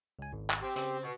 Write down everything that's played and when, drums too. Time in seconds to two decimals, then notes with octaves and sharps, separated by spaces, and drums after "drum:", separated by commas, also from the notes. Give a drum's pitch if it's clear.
0.19 C#2 G#5
0.33 G#1
0.50 drum: clap
0.62 C4 G4
0.76 C#3 C4, drum: hi-hat
1.03 B2